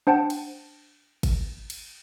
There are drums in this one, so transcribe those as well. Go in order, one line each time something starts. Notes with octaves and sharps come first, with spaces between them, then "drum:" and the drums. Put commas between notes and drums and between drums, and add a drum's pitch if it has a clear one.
D4 C5 F#5 G5 A5
drum: cymbal
drum: kick, cymbal
drum: cymbal